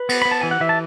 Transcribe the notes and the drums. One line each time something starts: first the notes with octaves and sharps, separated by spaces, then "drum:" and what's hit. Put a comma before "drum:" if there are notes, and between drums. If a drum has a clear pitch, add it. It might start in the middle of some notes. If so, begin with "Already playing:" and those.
Already playing: B4
B3, drum: cymbal
B3 B5
A5
E3 G#5
F#5
E3 E5
A5